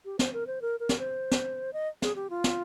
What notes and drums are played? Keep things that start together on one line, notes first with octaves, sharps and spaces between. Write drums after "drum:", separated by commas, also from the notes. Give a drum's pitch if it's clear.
G4
C5, drum: snare
A#4
C5
A#4
A#4
drum: snare
C5
drum: snare
D#5
G#4, drum: snare
G4
F4
drum: snare